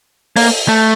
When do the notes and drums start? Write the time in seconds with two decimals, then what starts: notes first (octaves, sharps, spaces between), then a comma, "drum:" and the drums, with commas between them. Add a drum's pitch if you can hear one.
0.36 A#3, drum: open hi-hat
0.69 A3